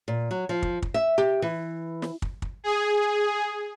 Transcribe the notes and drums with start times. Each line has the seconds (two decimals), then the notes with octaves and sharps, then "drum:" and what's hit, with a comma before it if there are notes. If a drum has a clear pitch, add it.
0.08 A#2
0.31 F#3
0.49 F3
0.63 drum: kick
0.82 drum: kick
0.94 E5
1.18 G4
1.42 E3
2.02 drum: snare
2.22 drum: kick
2.42 drum: kick
2.64 G#4